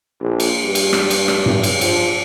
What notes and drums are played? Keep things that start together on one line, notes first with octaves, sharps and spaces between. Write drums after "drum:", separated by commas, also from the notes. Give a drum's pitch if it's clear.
A#1
drum: cymbal
G2
drum: cymbal
drum: rim click
drum: cymbal
drum: rim click
drum: tom G2
drum: cymbal
F3, drum: cymbal